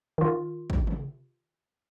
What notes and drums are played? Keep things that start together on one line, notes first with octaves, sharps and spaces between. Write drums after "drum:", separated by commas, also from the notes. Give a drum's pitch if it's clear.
D#3 F4
drum: kick G#1
drum: tom C3